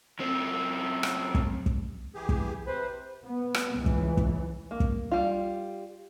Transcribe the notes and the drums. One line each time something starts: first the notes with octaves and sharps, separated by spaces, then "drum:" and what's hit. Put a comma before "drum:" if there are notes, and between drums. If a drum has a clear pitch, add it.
F#2 C4
drum: rim click
drum: kick
drum: kick
E3 G4 G#4
drum: kick
C3 B4 C5
B3
drum: rim click
C#2 E3
drum: kick
drum: kick
A#3
drum: kick
G3 F4